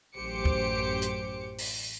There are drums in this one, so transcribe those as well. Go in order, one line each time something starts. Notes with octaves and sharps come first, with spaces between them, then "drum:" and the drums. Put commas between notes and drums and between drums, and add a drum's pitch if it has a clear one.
A1 F#2 G4 C5 D6 C#7
drum: kick
drum: hi-hat
drum: open hi-hat